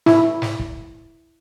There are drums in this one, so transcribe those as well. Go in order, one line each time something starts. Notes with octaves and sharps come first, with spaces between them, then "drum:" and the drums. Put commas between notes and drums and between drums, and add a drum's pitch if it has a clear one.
E4, drum: snare
drum: snare
drum: kick